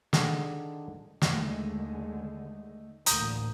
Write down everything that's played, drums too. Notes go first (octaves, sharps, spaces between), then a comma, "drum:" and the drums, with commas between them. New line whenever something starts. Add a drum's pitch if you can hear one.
D3 D#3 D4 G#4 A4, drum: snare
D#2 D3 G#3 A3 D#4, drum: snare
A1 D2 A#2 A#5 D#6 G6, drum: hi-hat